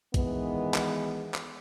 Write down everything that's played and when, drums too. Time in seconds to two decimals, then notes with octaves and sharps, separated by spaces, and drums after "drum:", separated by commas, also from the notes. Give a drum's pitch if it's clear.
0.14 D#3 E3 G#3 B3, drum: kick A#1, hi-hat
0.74 drum: clap
1.34 drum: clap